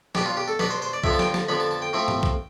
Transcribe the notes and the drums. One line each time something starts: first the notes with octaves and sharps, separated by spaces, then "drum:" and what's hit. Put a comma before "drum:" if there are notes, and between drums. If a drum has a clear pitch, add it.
B2 B3 D4 G4, drum: snare
F4
G4
A4
B2 B3 D4 B4, drum: snare
C5
C5
D5
F2 D3 F3 B3 E5, drum: kick
A5
G5, drum: snare
A5, drum: snare
F2 D3 F3 B3 B5
A5
A5
G5
A2 F3 C4 E4
drum: tom
drum: kick